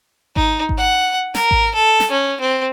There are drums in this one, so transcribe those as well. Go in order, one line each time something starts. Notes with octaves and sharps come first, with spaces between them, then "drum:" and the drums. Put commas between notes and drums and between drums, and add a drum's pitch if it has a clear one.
D#4, drum: kick G#1
drum: kick G#1
F#5
A#4, drum: snare
drum: kick G#1
A4
drum: snare
C#4
C4